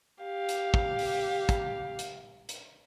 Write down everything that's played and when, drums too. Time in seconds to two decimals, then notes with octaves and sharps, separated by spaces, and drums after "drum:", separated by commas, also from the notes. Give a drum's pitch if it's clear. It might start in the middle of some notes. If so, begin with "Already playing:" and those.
0.24 G4 F5
0.49 drum: hi-hat
0.74 drum: kick
0.99 drum: open hi-hat
1.49 drum: kick, hi-hat
1.99 drum: hi-hat
2.49 drum: hi-hat